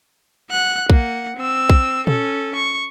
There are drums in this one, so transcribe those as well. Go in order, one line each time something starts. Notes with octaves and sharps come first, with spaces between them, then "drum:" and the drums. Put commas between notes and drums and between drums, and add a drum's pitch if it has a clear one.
F#5 F#6
A#3 F#5, drum: kick
C4 E6
drum: kick
C#4 A4, drum: tom
C#6